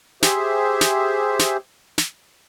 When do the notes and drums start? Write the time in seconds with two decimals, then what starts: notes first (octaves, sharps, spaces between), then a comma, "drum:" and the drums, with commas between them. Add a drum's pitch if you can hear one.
0.22 G4 G#4 C5 E5, drum: snare
0.81 drum: snare
1.39 drum: snare
1.98 drum: snare